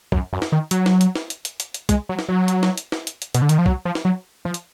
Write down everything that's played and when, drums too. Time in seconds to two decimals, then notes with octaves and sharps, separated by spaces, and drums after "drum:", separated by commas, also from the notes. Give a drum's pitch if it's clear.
0.12 F#2, drum: kick
0.33 F#2
0.42 drum: snare
0.52 D#3
0.71 F#3, drum: hi-hat
0.86 drum: snare
1.01 drum: hi-hat
1.16 drum: snare
1.30 drum: hi-hat
1.45 drum: hi-hat
1.60 drum: hi-hat
1.74 drum: hi-hat
1.89 G#3, drum: kick, hi-hat
2.09 F#3
2.19 drum: snare
2.29 F#3
2.48 drum: hi-hat
2.63 drum: snare
2.78 drum: hi-hat
2.92 drum: snare
3.07 drum: hi-hat
3.22 drum: hi-hat
3.34 B2, drum: hi-hat
3.42 D3
3.49 D#3, drum: hi-hat
3.58 F3
3.66 F#3, drum: kick
3.85 F3
3.95 drum: snare
4.05 F#3
4.45 F3
4.54 drum: hi-hat